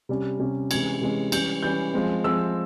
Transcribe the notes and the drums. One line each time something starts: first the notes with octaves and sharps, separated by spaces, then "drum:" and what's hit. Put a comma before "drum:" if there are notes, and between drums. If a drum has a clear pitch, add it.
C3 G3 C#4
C3 G3 C#4
C3 E3 G#3 C#4 G#6, drum: cymbal
C3 E3 G#3 C#4
E3 G3 C#4 G6, drum: cymbal
E3 G3 C#4 G6
F3 G#3 C4
F3 G#3 C4 E6